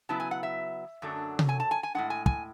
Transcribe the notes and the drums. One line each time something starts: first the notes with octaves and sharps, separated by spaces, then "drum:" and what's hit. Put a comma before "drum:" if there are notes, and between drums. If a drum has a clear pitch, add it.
C#3 F#3 B3 E4 A5
G#5
F#5
E5
F#2 D3 F#3 A3 D4
drum: tom C3
G#5
A5
G#5
G#5
A2 G#3 D4 F#5
G#5
G#5, drum: kick